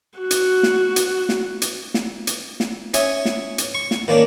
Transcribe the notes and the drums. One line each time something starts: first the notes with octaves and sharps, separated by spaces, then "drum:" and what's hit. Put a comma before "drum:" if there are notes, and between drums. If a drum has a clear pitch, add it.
F#4
drum: hi-hat
drum: snare
drum: hi-hat
drum: snare
drum: hi-hat
drum: snare
drum: hi-hat
drum: snare
C#4 E5 G#5 D#6, drum: hi-hat
drum: snare
drum: hi-hat
C#6
drum: snare
D#3 A#3 C#4 D4